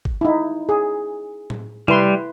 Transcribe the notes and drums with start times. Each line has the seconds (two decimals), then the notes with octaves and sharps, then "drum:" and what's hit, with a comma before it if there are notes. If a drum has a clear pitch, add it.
0.05 drum: kick G#1
0.21 D#4 E4
0.69 G#4
1.50 drum: tom A2
1.88 G3 E4 B4 C6, drum: tom C3